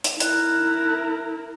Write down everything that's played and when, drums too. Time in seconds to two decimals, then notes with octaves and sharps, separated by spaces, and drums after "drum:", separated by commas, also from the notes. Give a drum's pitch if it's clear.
0.04 drum: hi-hat
0.20 E4 A#4 F#6, drum: hi-hat